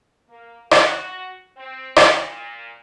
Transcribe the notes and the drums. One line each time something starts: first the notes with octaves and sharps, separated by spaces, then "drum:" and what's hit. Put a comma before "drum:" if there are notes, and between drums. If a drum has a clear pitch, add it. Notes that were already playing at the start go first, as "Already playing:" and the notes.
A#3
F#4, drum: rim click
C4
drum: rim click
A#2